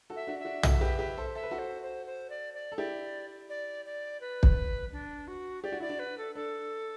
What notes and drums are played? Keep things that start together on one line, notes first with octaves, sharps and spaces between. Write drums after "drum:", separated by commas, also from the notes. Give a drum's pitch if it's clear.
F#4 A4
E5
D4 F#4
E5
D4 F#4
F#4 A4, drum: tom
G4 B4
G4 B4
A4 C5
A4 E5
B4
F#4 A4
C5
C5
C5
D5
D5
A4
E4 G4 D5
D5
D5
B4
drum: kick
D4
F#4
G4 D5
F#4
E4 D5
D4 F#4
B4
A4
D4 A4